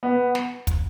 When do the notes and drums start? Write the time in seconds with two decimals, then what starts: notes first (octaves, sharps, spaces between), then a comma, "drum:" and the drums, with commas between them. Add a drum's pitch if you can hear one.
0.03 B3
0.35 drum: snare
0.67 drum: kick, hi-hat